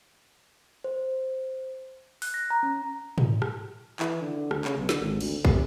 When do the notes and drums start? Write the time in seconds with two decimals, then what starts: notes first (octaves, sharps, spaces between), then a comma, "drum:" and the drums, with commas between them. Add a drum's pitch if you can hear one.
0.84 C5
2.22 F#6, drum: open hi-hat
2.34 A#6
2.50 A#5
2.63 C#4
3.18 drum: tom
3.42 drum: rim click
4.00 E3, drum: clap
4.22 D3
4.36 D3
4.51 D2, drum: rim click
4.65 C#3, drum: clap
4.78 B1
4.89 D3, drum: snare
5.02 G#1
5.21 D2, drum: cymbal
5.45 C3, drum: kick